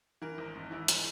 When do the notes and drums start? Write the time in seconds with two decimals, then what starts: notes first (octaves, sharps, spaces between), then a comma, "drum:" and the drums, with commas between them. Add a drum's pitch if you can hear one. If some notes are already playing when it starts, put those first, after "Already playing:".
0.22 E3 A#4
0.38 G#1
0.56 G#2
0.71 E3 E4
0.88 G#3, drum: hi-hat